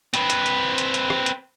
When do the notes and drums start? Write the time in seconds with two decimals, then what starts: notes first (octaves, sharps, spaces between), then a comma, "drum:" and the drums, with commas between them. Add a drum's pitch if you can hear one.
0.14 C4 B4, drum: hi-hat
0.30 drum: hi-hat
0.46 drum: hi-hat
0.78 drum: hi-hat
0.94 drum: hi-hat
1.10 drum: rim click
1.26 drum: hi-hat